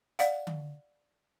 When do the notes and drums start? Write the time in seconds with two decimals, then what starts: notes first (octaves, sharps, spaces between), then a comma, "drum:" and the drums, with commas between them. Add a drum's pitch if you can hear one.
0.19 D5 F5 F#5, drum: hi-hat
0.47 drum: tom D3